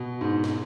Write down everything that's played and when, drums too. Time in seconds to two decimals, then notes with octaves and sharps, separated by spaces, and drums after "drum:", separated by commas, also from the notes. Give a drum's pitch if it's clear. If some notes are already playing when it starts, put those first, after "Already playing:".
Already playing: B2
0.21 G#2
0.44 drum: snare